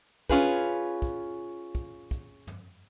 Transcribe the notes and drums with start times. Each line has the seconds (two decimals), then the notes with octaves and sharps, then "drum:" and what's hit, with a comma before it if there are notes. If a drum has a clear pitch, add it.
0.30 C#4 F4 G#4 B4, drum: kick
1.02 drum: kick
1.75 drum: kick
2.11 drum: kick
2.47 drum: tom